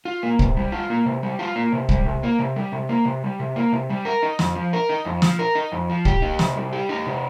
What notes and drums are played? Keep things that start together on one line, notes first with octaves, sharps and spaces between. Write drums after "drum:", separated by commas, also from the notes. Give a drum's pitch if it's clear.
F4
A#3
C3, drum: kick
G3
F4
A#3
C3
G3
F4
A#3
C3
G3, drum: kick
C3
A#3
C3
G3
C3
A#3
C3
G3
C3
A#3
C3
G3
A#4
D#4
F2, drum: snare
F3
A#4
D#4
F2
F3, drum: snare
A#4
D#4
F2
F3
G4, drum: kick
D#4
C3, drum: snare
G3
G4
D#4
C3